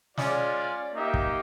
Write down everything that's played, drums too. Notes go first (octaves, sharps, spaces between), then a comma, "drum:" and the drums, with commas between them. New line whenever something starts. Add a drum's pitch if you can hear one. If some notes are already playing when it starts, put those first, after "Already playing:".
G#3 C#4 F4 D5, drum: snare
A#3 D#4 G4 E5
drum: kick